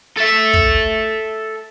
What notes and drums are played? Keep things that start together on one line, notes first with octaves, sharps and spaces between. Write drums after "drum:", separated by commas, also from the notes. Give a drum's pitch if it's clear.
A4 E5
drum: kick